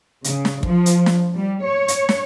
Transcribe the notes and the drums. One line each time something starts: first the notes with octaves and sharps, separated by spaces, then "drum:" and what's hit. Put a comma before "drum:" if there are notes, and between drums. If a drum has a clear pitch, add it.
C#3, drum: hi-hat
drum: snare
F3, drum: kick
drum: hi-hat
drum: snare
G3
C#5
drum: hi-hat
drum: snare